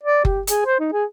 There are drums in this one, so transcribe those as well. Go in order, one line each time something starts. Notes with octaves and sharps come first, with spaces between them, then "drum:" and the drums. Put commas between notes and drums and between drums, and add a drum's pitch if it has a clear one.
D5
G4, drum: kick F#1
G#4, drum: hi-hat
C5
D#4
G#4